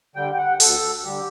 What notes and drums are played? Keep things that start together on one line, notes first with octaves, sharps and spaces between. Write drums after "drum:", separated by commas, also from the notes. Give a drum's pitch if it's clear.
D3 G3 G5
G5
F#5
D2 A4, drum: open hi-hat
D3 G3 G4